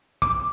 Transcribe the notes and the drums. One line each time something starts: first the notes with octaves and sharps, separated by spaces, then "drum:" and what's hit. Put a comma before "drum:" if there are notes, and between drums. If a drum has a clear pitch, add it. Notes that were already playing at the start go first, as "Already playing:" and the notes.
D6, drum: kick